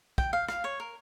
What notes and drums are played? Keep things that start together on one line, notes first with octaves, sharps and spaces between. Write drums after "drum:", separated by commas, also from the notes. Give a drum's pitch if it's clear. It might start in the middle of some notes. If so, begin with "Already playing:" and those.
G5, drum: kick
F5
F5, drum: rim click
C#5
A#4